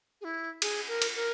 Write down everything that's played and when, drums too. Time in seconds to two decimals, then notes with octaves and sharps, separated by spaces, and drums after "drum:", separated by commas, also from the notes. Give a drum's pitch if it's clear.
0.21 G#4
0.24 E4
0.62 G#4, drum: cymbal
0.88 A#4
1.02 drum: cymbal
1.16 A#4